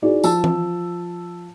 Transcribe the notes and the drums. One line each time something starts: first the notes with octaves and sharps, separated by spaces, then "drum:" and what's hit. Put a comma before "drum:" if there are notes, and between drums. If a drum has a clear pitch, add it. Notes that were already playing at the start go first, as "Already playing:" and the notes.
D#4 E4 F#4 G#4 D5
F3 A5 E6, drum: tambourine
drum: tom E3